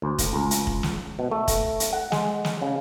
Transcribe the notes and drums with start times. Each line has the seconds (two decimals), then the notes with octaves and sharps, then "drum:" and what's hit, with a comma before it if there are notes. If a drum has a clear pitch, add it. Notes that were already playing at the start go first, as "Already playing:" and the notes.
0.02 D2
0.18 drum: kick, hi-hat
0.33 C#2
0.51 drum: hi-hat
0.67 drum: kick
0.83 drum: snare
1.19 B2
1.31 A3
1.48 drum: kick, hi-hat
1.80 drum: hi-hat
1.93 F#5
2.12 G#3, drum: snare
2.45 drum: snare
2.62 C#3